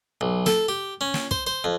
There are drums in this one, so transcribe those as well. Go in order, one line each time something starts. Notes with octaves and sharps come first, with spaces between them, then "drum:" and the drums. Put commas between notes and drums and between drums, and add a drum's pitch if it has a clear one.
B1
A4, drum: snare
G4
C#4
drum: snare
C5, drum: kick
C5
F2